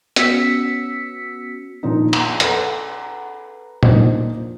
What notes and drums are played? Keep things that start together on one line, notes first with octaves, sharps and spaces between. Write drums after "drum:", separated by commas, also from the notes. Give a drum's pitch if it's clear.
B3 C#4 F#4 E6 B6 C#7, drum: hi-hat
A#2 D#3 F3 A#3 D4 D#4
A#5, drum: cymbal
A4 B4 F#5 A#5, drum: hi-hat
F3 A#3 D4 D#4 C5 D#5, drum: tom A#2